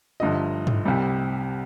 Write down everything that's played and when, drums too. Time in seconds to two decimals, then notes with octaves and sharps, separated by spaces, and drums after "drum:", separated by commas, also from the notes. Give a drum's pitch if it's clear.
0.20 G1 G2 D3 F3 D#5
0.67 drum: tom
0.85 C2 C3 G3